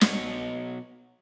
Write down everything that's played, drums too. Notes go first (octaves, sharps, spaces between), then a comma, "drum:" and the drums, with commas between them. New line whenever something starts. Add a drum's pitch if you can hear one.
B2 C#5, drum: snare